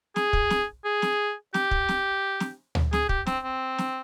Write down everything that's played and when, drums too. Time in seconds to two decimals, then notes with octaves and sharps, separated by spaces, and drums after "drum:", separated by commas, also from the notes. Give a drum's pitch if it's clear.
0.16 G#4, drum: snare
0.33 drum: kick
0.50 drum: snare
0.85 G#4
1.02 drum: snare
1.54 G4, drum: snare
1.71 drum: kick
1.89 drum: snare
2.40 drum: snare
2.75 drum: tom D2
2.93 G#4, drum: snare
3.09 G4, drum: kick
3.26 C4, drum: snare
3.44 C4
3.78 drum: snare